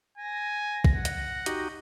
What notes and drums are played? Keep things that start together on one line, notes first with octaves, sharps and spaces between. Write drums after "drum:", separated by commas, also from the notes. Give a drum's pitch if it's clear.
G#5 A#6
drum: kick
F#5
drum: hi-hat
D#4 F#4 G4, drum: hi-hat